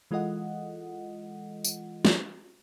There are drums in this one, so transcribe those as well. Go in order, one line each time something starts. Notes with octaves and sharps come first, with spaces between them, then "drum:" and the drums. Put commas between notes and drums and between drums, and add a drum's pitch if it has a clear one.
E3 G#3 F4 A4 D#5 F#5
drum: tambourine
drum: snare